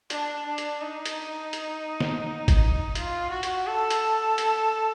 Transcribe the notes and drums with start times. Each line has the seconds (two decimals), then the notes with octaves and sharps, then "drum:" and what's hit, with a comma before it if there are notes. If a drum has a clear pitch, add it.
0.10 D4, drum: hi-hat
0.46 D4
0.58 drum: hi-hat
0.81 D#4
1.06 drum: hi-hat
1.53 drum: hi-hat
2.01 drum: snare
2.48 drum: kick, hi-hat
2.95 F4, drum: hi-hat
3.31 F#4
3.43 drum: hi-hat
3.67 A4
3.90 drum: hi-hat
4.38 drum: hi-hat